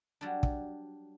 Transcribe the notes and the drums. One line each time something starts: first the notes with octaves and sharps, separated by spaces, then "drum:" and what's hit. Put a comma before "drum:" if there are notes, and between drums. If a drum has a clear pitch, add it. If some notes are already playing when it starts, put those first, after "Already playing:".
F#3 G3 D4
drum: kick